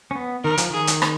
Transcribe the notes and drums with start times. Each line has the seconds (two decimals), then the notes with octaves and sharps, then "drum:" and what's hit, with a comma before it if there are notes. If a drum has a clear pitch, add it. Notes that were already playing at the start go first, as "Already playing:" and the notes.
0.11 C#4
0.16 B3
0.44 D#3 A#4
0.58 F3, drum: hi-hat
0.71 D#3 G#4
0.87 drum: hi-hat
1.02 drum: rim click